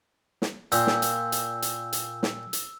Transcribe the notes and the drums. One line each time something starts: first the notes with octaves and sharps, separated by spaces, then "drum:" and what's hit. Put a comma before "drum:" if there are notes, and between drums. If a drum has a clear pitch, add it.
drum: snare
A#2 G5 G#5 E6 G6, drum: hi-hat
drum: snare
drum: hi-hat
drum: hi-hat
drum: hi-hat
drum: hi-hat
drum: snare
drum: hi-hat